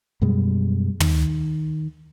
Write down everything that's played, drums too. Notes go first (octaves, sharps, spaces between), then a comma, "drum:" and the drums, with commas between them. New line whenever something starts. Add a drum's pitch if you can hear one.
F#2 B2 G3 G#3
D#3, drum: tom